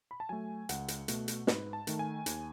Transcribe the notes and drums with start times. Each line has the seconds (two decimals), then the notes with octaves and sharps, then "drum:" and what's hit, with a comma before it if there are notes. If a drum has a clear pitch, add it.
0.11 B5
0.20 A5
0.29 F#3 A3 G#5
0.69 C#2 F#5, drum: hi-hat
0.88 drum: hi-hat
1.08 B2 A3, drum: hi-hat
1.28 drum: hi-hat
1.47 G#2 B4, drum: snare
1.73 A5
1.87 D#3 A3, drum: hi-hat
1.99 G#5
2.26 D#2, drum: hi-hat